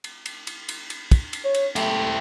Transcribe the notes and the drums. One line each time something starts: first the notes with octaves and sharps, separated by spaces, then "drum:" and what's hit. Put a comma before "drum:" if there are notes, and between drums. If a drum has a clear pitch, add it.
drum: cymbal
drum: cymbal
drum: cymbal
drum: cymbal
drum: cymbal
drum: kick, cymbal
drum: cymbal
C#5
drum: cymbal
A3 E4 G4, drum: cymbal